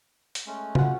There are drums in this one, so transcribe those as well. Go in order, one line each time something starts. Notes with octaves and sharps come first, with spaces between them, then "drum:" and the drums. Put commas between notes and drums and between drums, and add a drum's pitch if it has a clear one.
drum: hi-hat
G#3 A3 C#4
F4 F#4 F#5, drum: tom